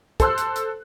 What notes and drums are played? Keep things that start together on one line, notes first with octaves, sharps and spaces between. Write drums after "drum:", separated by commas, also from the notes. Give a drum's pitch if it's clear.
A4 C5 C6 E6 F#6, drum: kick, hi-hat
drum: hi-hat
drum: hi-hat